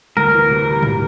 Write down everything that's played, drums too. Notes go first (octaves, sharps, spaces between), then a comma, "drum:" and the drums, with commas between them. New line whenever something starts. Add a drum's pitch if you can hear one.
D2 A#4
E3
C3
G3
D2, drum: tom